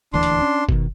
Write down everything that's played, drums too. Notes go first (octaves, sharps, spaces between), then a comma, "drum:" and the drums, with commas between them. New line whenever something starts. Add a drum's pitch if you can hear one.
D#1 D2 E3 D4 C6
drum: hi-hat
C#4
B2 D#3, drum: kick F#1